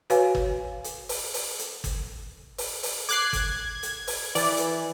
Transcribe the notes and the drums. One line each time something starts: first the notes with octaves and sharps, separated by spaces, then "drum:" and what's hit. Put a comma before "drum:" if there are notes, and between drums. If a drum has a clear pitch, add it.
F#4 B4 C#5 F5 G#5, drum: hi-hat
drum: kick G1
drum: hi-hat
drum: open hi-hat
drum: open hi-hat
drum: hi-hat
drum: kick G1, hi-hat
drum: open hi-hat
drum: open hi-hat
D6 F#6 G#6 C7, drum: hi-hat
drum: kick G1, hi-hat
drum: hi-hat
drum: open hi-hat
E3 D5, drum: open hi-hat
drum: hi-hat